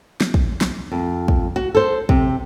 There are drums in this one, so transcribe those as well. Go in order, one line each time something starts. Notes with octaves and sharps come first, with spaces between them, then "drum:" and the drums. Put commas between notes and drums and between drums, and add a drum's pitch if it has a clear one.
drum: snare
drum: kick
drum: snare
F2
drum: kick
F#4
A4 C5
C3, drum: kick